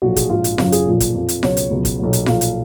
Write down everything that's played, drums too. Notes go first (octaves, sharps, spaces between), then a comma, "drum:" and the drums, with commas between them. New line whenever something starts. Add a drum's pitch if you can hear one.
B1 A#2 F3 F#4
G#4, drum: kick, hi-hat
A#1 G#2 F3 F4
drum: hi-hat
F#1 F#2 C#3 F#3 F4, drum: snare F4
G#4, drum: hi-hat
B1 A#2 F3
drum: kick, hi-hat
F2 F3
drum: hi-hat
C#2 B2 F#3 C#5, drum: snare F4
drum: hi-hat
C#2 B2 F#3
drum: kick, hi-hat
B1 A#2 F#3
drum: hi-hat
B1 A#2 F3 F5, drum: snare F4
drum: hi-hat